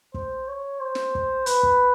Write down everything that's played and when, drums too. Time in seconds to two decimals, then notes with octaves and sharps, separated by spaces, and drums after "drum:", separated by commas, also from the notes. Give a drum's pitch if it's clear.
0.14 C5, drum: kick
0.48 C#5
0.80 C5
0.95 drum: snare
1.15 drum: kick
1.46 B4, drum: hi-hat
1.63 drum: kick